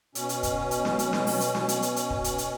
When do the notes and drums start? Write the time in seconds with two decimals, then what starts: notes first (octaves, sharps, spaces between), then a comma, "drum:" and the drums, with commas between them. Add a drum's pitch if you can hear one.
0.15 B2 C#4, drum: hi-hat
0.29 drum: hi-hat
0.43 drum: kick, hi-hat
0.71 drum: hi-hat
0.85 drum: snare
0.99 drum: hi-hat
1.13 drum: snare
1.27 drum: open hi-hat
1.41 drum: hi-hat
1.55 drum: snare
1.69 drum: hi-hat
1.82 drum: hi-hat
1.96 drum: hi-hat
2.10 drum: kick
2.24 drum: hi-hat
2.38 drum: hi-hat